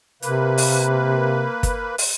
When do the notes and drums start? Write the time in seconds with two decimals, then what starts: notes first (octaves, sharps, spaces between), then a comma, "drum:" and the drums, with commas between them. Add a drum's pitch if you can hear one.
0.22 C3 A#3 B4, drum: hi-hat
0.58 drum: open hi-hat
1.63 drum: kick G1, hi-hat
1.98 drum: open hi-hat